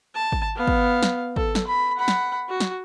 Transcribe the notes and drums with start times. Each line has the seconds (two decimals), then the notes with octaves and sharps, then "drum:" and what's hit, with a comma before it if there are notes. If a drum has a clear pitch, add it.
0.15 A5
0.32 drum: kick
0.55 B3 F5
0.67 drum: kick
1.03 drum: snare
1.36 A4, drum: kick
1.55 drum: snare
1.67 B5
1.97 F#5 B5
2.08 drum: snare
2.49 F#4
2.60 drum: snare